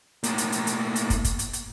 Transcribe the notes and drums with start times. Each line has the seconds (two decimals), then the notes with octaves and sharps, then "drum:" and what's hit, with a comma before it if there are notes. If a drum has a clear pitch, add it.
0.23 A2 A#3, drum: hi-hat
0.38 drum: hi-hat
0.52 drum: hi-hat
0.67 drum: hi-hat
0.96 drum: hi-hat
1.10 drum: kick, hi-hat
1.24 drum: kick, hi-hat
1.39 drum: hi-hat
1.53 drum: hi-hat